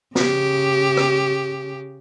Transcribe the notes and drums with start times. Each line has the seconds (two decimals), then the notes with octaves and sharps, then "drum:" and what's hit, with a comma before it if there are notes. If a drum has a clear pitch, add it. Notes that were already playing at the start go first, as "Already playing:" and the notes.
0.15 C#3 G4, drum: snare
0.97 drum: rim click